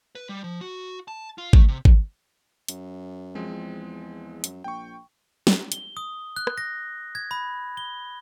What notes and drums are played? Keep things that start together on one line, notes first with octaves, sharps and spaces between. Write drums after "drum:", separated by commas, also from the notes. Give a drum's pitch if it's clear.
B4
G3
F3
F#4
A5
F4
A3, drum: kick G#1
C3
drum: kick G#1
F#2, drum: hi-hat
F3 G#3 C4
E2
F#2, drum: hi-hat
A#1 G5 C#6
drum: snare
G7, drum: hi-hat
D#6
F#6
drum: rim click
A#6
G#6
B5
G7